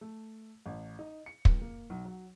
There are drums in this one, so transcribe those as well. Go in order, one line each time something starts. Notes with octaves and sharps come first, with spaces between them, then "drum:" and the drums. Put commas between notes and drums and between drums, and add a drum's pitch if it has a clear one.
A3
A1
D#4
C#7
C#2, drum: kick
A#3
B1
F#3